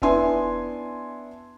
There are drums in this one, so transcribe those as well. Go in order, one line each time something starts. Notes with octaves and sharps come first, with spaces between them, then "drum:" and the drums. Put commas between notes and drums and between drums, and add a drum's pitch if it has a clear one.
B3 D4 E4 E5 G#5 C6, drum: kick E1